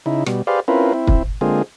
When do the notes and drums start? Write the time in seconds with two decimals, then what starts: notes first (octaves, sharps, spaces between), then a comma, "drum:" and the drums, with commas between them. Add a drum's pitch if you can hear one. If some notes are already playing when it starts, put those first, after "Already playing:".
0.06 C#3 D#4 E4
0.26 B2 G3, drum: rim click
0.47 G4 G#4 B4 C5 D5 F5
0.68 C4 C#4 E4 F4 A#4 B4
0.93 C4 E4
1.07 drum: kick
1.41 D3 G#3 A#3 C4 F4 G#4